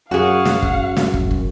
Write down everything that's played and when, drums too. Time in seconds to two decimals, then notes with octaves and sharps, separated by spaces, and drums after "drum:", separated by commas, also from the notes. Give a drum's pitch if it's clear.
0.11 F#2 F#4 G#4 F5 F#5
0.45 drum: snare
0.62 drum: kick
0.97 drum: snare
1.14 drum: kick
1.31 drum: kick